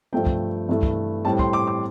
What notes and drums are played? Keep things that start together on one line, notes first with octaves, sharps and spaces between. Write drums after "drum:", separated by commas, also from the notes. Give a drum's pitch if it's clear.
G2 F3 A3 C4 G5
drum: kick
G2 E3 A3
drum: kick
A2 G3 C4 A5
C6, drum: kick
D6
D6